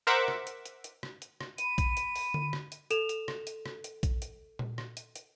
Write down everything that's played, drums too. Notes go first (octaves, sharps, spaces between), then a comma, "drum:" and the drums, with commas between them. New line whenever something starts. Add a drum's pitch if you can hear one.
A#4 C5 E5 F#5 D6
drum: rim click
drum: hi-hat
drum: hi-hat
drum: hi-hat
drum: rim click
drum: hi-hat
drum: rim click
B5 D#7, drum: hi-hat
drum: kick A#1, hi-hat
drum: hi-hat
drum: open hi-hat
drum: tom D3
drum: rim click
drum: hi-hat
A4 E7 F7, drum: hi-hat
drum: hi-hat
drum: rim click
drum: hi-hat
drum: rim click
drum: hi-hat
drum: kick A#1, hi-hat
drum: hi-hat
drum: tom A#2
drum: rim click
drum: hi-hat
drum: hi-hat